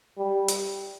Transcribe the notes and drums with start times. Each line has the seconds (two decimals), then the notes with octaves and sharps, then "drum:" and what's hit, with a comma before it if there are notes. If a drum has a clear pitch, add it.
0.17 G3
0.48 drum: hi-hat